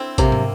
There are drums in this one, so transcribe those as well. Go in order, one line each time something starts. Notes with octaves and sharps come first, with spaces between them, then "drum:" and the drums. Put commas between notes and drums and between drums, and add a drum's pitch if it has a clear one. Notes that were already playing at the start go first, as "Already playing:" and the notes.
Already playing: C4 D4 E4
C3 A#3, drum: kick A1, hi-hat
drum: tom